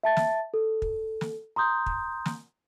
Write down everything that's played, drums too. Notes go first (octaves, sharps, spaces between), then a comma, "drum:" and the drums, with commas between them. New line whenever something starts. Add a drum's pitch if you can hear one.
E5 A5 A6
drum: snare
A4
drum: kick
drum: snare
A#5 C6 D#6 G6
drum: kick
drum: snare